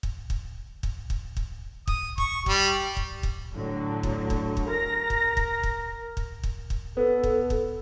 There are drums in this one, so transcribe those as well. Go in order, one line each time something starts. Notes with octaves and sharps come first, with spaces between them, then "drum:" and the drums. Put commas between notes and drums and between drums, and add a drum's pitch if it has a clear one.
drum: kick
drum: kick
drum: kick
drum: kick
drum: kick
D#6, drum: kick
C#6, drum: kick
G3, drum: kick
drum: kick
drum: kick
A2 D3 F#3
drum: kick
drum: kick
drum: kick
A#4 A#5 A#6
drum: kick
drum: kick
drum: kick
drum: kick
drum: kick
drum: kick
B3 A4
drum: kick
drum: kick